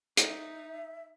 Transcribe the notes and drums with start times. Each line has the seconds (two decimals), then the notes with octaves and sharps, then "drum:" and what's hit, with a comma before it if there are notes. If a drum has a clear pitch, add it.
0.17 D#4 E5, drum: hi-hat